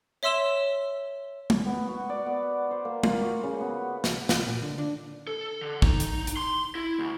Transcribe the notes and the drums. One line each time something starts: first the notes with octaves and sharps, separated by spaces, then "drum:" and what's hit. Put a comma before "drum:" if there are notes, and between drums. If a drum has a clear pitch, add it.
C#5 E5 C6 E6 E7 G7
drum: tom G#3
B3
F#4
D5
B3
C5
A#3
F4, drum: tom G#3
F#4
C#3
B3
drum: snare
F4, drum: snare
A#2
D3
D4
A4
D3
D#4, drum: kick
drum: hi-hat
drum: hi-hat
C6
E4
D2